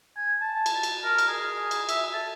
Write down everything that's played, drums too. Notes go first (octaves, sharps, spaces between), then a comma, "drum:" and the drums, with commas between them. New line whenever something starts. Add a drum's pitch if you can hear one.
G#5
A5
drum: cymbal
drum: cymbal
A#4
drum: cymbal
G#4
drum: cymbal
E5, drum: cymbal
A4